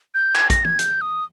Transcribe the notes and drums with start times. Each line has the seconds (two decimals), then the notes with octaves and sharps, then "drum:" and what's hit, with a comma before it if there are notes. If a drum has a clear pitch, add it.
0.14 G6
0.35 G#6, drum: clap
0.50 A#6, drum: kick, hi-hat
0.65 G#6, drum: tom
0.79 G6, drum: hi-hat
1.01 D#6